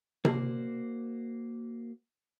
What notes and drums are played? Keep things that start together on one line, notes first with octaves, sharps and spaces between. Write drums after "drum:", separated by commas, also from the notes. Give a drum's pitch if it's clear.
A#3 F#4 C5 D5, drum: tom C3